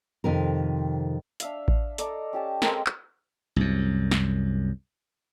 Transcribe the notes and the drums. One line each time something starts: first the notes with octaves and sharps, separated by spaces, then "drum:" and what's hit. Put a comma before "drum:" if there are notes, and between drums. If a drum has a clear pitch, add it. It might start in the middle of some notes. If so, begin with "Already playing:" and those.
F2 C3 D#3 A#4
D4 E5 F5, drum: hi-hat
drum: kick A1
A4 D5 D#5 A#5, drum: hi-hat
C#4 G4 A5
G#3 C4 A4 A#4, drum: snare
drum: clap
C2 F#2
drum: snare